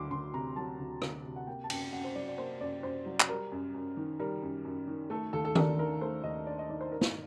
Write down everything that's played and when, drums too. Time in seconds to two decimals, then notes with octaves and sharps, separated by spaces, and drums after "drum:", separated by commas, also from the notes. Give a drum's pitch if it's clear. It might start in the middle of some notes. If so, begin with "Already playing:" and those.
Already playing: D2 F#3 C6 D6
0.11 D2 C6
0.34 C3 A#5
0.56 F#3 A5
0.79 D2
1.02 D2, drum: rim click
1.25 C3
1.36 F#5
1.47 A#3 G5
1.64 A5
1.70 F#2 G5, drum: cymbal
1.93 F#2 F#5
2.04 C5
2.15 F#3 D5
2.28 D5
2.38 A#3 C5
2.61 F#2 D5
2.83 F#2 C5
3.06 F#3
3.20 drum: clap
3.29 G3 A#4
3.52 F#2
3.74 F#2
3.97 D#3
4.19 G3 A#4
4.42 F#2
4.65 F#2
4.88 D#3
5.10 A3 A4
5.33 D#2 A4
5.45 A4
5.55 D4 A#4, drum: tom D#3
5.78 D#3 A#4
6.01 A3 C5
6.24 D#2 D#5
6.47 D4 D5
6.59 D#5
6.69 D#3 D5
6.81 C5
6.92 D#4 A#4
7.01 drum: snare